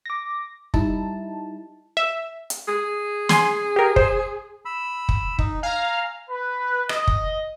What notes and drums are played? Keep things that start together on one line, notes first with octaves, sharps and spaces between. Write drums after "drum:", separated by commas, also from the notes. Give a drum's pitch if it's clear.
D6 A#6
G3 D#4 E4 A5, drum: kick
E5
drum: hi-hat
G#4
G#5 C6, drum: snare
G4 A#4
C5, drum: kick
B5 E6
drum: kick
D#4, drum: kick
F5 G#5 A#5
B4
D#5, drum: rim click
drum: kick